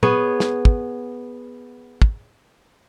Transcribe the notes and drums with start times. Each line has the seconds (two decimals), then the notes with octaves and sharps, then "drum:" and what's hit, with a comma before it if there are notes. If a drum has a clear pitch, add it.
0.03 B3 G#4 C#5, drum: tom A#2
0.40 drum: snare
0.65 drum: kick
2.02 drum: kick